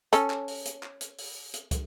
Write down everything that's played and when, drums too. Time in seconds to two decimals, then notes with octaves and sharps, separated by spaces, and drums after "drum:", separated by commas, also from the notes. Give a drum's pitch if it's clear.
0.13 C#4 A4, drum: hi-hat
0.30 drum: clap
0.48 drum: open hi-hat
0.65 drum: hi-hat
0.83 drum: clap
1.01 drum: hi-hat
1.18 drum: open hi-hat
1.54 drum: hi-hat
1.71 drum: kick, hi-hat